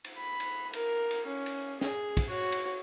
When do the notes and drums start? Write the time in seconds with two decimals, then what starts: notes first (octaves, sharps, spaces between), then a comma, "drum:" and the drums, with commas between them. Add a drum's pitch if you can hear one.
0.04 drum: cymbal
0.17 B5
0.40 drum: cymbal
0.73 A#4, drum: cymbal
1.11 drum: cymbal
1.27 C#4
1.46 drum: cymbal
1.81 G#4, drum: snare
2.17 drum: kick, cymbal
2.28 F#4 C#5
2.52 drum: cymbal